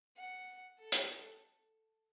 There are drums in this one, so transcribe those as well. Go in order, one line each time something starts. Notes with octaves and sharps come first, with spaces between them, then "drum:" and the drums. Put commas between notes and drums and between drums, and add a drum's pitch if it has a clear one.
F#5
A4
drum: hi-hat